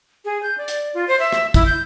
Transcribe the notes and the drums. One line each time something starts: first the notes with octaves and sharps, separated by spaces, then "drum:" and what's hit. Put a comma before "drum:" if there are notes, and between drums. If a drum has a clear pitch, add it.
G#4
G6
D5
drum: hi-hat
F4
C5
E5
drum: rim click
E4, drum: kick, hi-hat
G6